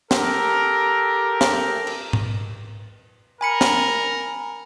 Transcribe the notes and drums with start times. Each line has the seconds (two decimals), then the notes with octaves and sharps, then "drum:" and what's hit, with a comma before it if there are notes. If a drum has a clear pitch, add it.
0.11 G4 A4 A#4, drum: snare
1.41 drum: snare
1.87 drum: cymbal
2.13 drum: tom G#2
3.41 A#4 G#5 B5 C#7
3.61 drum: snare